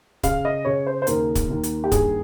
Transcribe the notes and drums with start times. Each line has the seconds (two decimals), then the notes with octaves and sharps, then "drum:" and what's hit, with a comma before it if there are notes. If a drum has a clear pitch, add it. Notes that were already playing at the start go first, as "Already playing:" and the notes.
0.23 C#3 F5, drum: kick C#1, hi-hat
0.45 D#5
0.65 C#3 C#5
0.87 C5
1.02 C5
1.07 D#2 A#4, drum: hi-hat
1.35 drum: kick C#1, hi-hat
1.50 D#2
1.63 drum: hi-hat
1.84 G4
1.92 G2 G#4, drum: kick C#1, hi-hat